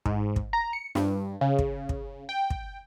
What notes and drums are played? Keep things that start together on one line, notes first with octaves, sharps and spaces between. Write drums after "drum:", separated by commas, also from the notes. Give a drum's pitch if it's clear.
G#2, drum: kick
drum: kick
A#5
C#7
G2, drum: snare
C#3
drum: kick
drum: kick
G5
drum: kick